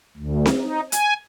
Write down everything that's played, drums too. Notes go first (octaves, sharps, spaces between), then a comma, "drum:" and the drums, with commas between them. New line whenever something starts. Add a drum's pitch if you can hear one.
D2
drum: snare C4
D#4
G#5, drum: hi-hat